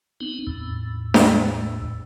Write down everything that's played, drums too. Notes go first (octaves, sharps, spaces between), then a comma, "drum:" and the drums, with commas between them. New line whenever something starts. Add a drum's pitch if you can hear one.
B3 C4 D#4
E2 A2
drum: snare D4